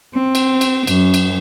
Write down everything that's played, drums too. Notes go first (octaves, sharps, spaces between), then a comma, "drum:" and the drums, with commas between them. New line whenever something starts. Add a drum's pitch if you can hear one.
C4
drum: cymbal
drum: cymbal
F#2, drum: cymbal
drum: cymbal